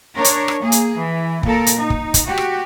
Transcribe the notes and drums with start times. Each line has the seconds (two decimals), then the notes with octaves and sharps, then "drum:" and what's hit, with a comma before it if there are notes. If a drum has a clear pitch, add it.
0.14 D4 A#4 C#5
0.24 drum: hi-hat
0.48 drum: rim click
0.61 A#3 G#4
0.72 drum: hi-hat
0.95 E3
1.43 A#2 A4 A#4, drum: kick
1.66 drum: hi-hat
1.76 D#4
1.90 drum: kick
2.14 drum: kick, hi-hat
2.25 F#4 G4
2.38 drum: rim click